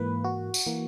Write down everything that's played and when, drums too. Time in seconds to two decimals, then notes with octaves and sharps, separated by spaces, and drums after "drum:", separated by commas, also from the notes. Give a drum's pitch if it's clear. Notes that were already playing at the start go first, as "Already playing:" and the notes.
Already playing: G#2 E3 A#3 B4
0.24 F#4
0.54 drum: tambourine
0.66 E3 A#3